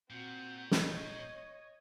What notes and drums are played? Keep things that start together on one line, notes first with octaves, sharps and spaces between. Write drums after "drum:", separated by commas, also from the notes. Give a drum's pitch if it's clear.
A#2 C4 F#4 G6
C#5 D#5, drum: snare